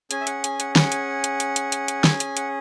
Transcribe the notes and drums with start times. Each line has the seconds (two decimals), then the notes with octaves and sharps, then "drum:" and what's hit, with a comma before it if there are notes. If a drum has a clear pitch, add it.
0.11 C#4 G#4 G#5, drum: hi-hat
0.21 E5
0.27 F#5, drum: hi-hat
0.44 G#5, drum: hi-hat
0.60 F#5, drum: hi-hat
0.76 F#5, drum: snare
0.92 drum: hi-hat
1.24 drum: hi-hat
1.40 drum: hi-hat
1.56 drum: hi-hat
1.72 drum: hi-hat
1.88 drum: hi-hat
2.04 G#5, drum: snare
2.20 G#5, drum: hi-hat
2.37 F#5, drum: hi-hat